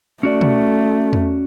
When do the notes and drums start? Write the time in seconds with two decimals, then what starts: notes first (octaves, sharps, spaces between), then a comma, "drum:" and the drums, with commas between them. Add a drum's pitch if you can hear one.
0.23 A3 C#4 F#4 D5
0.41 drum: tom
1.13 drum: tom E2